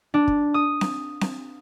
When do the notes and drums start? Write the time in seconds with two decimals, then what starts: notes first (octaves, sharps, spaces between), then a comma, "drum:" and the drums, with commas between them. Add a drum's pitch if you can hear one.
0.14 D4
0.28 drum: kick
0.54 D#6
0.81 drum: snare C4
1.21 drum: snare C4